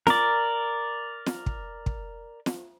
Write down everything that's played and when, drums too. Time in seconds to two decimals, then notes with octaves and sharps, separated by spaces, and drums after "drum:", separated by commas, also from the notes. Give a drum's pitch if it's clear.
0.07 A#4 D5, drum: snare
1.26 drum: snare
1.46 drum: kick
1.86 drum: kick
2.46 drum: snare